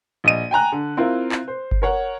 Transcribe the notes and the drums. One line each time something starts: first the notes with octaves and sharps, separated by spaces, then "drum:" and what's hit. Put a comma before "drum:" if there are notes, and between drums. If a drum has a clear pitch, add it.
A#1 D#5 D#7
G5 G#5 A#5 F#6
D3
C4 E4 F4 A#4
drum: clap
C5
drum: kick G1
A#4 C#5 F#5